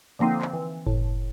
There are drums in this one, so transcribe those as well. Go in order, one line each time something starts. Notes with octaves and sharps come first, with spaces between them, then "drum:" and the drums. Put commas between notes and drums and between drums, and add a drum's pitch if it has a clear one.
D3 F3 A#3 C4 D#4
drum: clap
E3
A2, drum: kick F#1